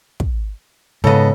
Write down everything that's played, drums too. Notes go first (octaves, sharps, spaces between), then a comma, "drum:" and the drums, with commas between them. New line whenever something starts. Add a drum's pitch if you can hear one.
drum: kick
G#2 C#3 B3 A4 D#5